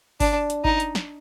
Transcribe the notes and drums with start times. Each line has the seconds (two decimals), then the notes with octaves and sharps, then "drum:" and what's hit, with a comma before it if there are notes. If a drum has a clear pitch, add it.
0.20 D4, drum: kick G1, open hi-hat
0.50 drum: hi-hat
0.65 D#4, drum: kick G1
0.80 drum: hi-hat
0.95 drum: snare